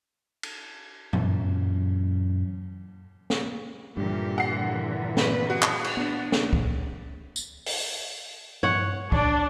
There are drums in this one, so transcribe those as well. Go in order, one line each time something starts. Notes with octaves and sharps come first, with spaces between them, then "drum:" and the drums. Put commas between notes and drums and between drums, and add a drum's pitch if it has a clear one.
drum: cymbal
F#2 A#2 E3, drum: tom G2
drum: snare
G2 A#2 D3 E3 G4
F#5 C7
C4 B4, drum: snare
F#4 G#4
drum: clap
drum: cymbal
B3 D4
drum: snare
drum: kick
drum: tambourine
drum: open hi-hat
C#5 F#5, drum: tom G2
D4, drum: kick